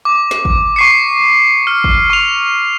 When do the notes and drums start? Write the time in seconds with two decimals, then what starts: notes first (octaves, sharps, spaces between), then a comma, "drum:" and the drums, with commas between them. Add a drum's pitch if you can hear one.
0.05 D6
0.31 drum: snare
0.45 drum: kick
0.76 C#6 C7 C#7
1.67 F6
1.84 drum: kick
2.10 C#6 F7